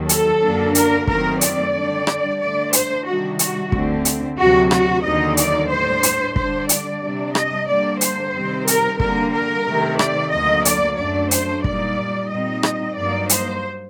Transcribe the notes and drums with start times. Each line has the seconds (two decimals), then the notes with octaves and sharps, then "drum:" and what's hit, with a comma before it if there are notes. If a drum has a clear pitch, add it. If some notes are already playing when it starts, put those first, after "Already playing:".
Already playing: D#2 D#3 F#3
0.09 A4, drum: hi-hat
0.42 F#2 D3 F#3 A#3 D4
0.75 A#4, drum: hi-hat
1.07 F#2 D#3 F#3 A3 C4 A#4, drum: kick
1.41 D5, drum: hi-hat
1.74 D3 G3 D4
2.07 drum: rim click
2.40 D3 A3 D4 D5
2.73 C5, drum: hi-hat
3.06 C3 D#3 G3 D4 F#4
3.39 F#4, drum: hi-hat
3.72 D2 D3 A3 C4, drum: kick
4.05 drum: hi-hat
4.38 D2 C3 F#3 F#4
4.71 F#4, drum: rim click
5.04 D#2 D3 F#3 A#3 D#4 D#5
5.37 D5, drum: hi-hat
5.70 A2 G3 D4 C5
6.03 drum: hi-hat
6.36 D3 G3 D4 C5, drum: kick
6.69 D5, drum: hi-hat
7.02 C3 G3 D4
7.35 D#5, drum: rim click
7.68 D3 G3 A#3 D4 D5
8.01 C5, drum: hi-hat
8.34 C3 D#3 G3 C4
8.67 A#4, drum: hi-hat
9.00 D3 G3 A#3 A#4, drum: kick
9.33 A#4
9.66 C3 D#3 A3
9.99 D5, drum: rim click
10.32 D2 D3 F#3 A#3 D#5
10.65 D5, drum: hi-hat
10.98 F#2 F#3 A3 D4 D5
11.31 C5, drum: hi-hat
11.64 A#2 G3 A#3 D#4 D5, drum: kick
12.30 A#2 G3 C4 D#4 D#5
12.63 drum: rim click
12.96 G2 F#3 A#3 D#4 D5
13.29 C5, drum: hi-hat